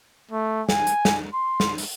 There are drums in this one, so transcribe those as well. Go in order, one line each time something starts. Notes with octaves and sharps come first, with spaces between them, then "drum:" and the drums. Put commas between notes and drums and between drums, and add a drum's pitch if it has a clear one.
A3
G#5, drum: snare
drum: hi-hat
drum: snare
C6
drum: snare
drum: open hi-hat